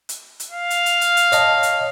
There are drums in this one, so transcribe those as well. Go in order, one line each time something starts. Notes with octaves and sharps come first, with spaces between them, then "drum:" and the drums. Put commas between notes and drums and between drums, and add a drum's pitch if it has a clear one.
drum: hi-hat
drum: hi-hat
F5
drum: hi-hat
drum: hi-hat
drum: hi-hat
drum: hi-hat
C#5 D#5 A5, drum: hi-hat
drum: hi-hat